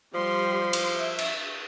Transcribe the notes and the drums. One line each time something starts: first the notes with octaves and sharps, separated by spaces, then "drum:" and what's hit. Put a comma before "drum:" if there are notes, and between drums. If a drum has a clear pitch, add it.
F3 G3 G4 C6
drum: cymbal
E5
drum: cymbal